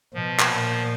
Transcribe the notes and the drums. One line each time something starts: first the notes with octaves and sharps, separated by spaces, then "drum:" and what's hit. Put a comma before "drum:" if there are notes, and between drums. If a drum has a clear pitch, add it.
B2 F3
drum: clap
A#2